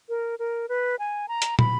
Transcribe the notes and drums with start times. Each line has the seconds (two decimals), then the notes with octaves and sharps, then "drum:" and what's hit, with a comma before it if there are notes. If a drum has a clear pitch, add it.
0.09 A#4
0.39 A#4
0.69 B4
0.99 G#5
1.28 A#5
1.42 drum: hi-hat
1.59 B5, drum: tom